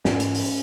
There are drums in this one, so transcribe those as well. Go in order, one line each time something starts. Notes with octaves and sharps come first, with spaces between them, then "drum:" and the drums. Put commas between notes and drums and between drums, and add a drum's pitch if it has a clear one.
G#2 C#4, drum: snare
drum: hi-hat
drum: open hi-hat